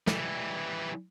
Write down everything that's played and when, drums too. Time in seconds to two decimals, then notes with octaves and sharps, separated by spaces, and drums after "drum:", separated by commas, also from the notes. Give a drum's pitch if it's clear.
0.07 E3 G3, drum: snare